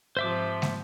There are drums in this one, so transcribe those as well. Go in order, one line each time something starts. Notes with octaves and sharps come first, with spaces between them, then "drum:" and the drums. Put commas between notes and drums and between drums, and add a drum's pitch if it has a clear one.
G#2 C3 F3 C5 E5 D6
drum: snare